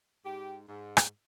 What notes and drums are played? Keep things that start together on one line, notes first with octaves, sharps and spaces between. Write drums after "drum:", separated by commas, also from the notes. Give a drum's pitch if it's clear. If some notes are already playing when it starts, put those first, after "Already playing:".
G#2 G4
G#2
drum: rim click